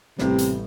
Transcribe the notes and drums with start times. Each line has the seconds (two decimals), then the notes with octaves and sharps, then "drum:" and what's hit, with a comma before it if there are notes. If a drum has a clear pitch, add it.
0.19 A1 A2 C3 G3 B3, drum: snare
0.38 drum: hi-hat